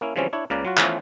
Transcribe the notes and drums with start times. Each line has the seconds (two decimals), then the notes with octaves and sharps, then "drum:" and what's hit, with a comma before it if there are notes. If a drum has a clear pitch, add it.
0.01 A#3 C#4 E4
0.16 C#3 E3 F3 G3 C4 C#4
0.33 D4 E4 C#5
0.50 C#2 C#3 A#3 A#4 B4 D5
0.65 F#3 F4 F#4
0.78 E3 F3 A3 B3 C#4 F4, drum: clap